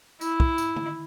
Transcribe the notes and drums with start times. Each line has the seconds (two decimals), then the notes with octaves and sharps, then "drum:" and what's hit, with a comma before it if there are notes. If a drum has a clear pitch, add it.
0.21 E4, drum: tambourine
0.40 drum: kick
0.58 drum: tambourine
0.76 drum: tom D3